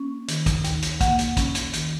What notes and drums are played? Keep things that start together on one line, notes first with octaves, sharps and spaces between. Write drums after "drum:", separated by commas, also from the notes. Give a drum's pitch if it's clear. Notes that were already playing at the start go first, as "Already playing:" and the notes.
Already playing: A#3 C#4
D#3, drum: hi-hat
drum: kick, hi-hat
D#2, drum: hi-hat
drum: hi-hat
A#3 F#5, drum: kick, hi-hat
drum: hi-hat
C#4, drum: kick, hi-hat
drum: hi-hat
D#3, drum: hi-hat